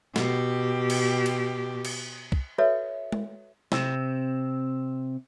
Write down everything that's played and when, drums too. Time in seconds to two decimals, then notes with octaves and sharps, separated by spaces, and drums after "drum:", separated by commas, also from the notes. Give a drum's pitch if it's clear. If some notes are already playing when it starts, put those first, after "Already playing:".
0.16 B2 G4, drum: snare
0.90 drum: cymbal
1.26 drum: cymbal
1.85 drum: cymbal
2.32 drum: kick
2.58 F#4 A4 B4 C#5 E5
3.12 drum: tom G#3
3.72 C3 C4, drum: snare